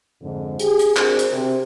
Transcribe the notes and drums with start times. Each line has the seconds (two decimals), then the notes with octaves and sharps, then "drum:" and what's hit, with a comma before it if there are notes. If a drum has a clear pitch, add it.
0.22 F2 G#2 D3
0.59 G4 G#4, drum: hi-hat
0.79 drum: hi-hat
0.97 C4 D4 F#4 G#4 A#4 C5, drum: clap
1.19 drum: hi-hat
1.31 C3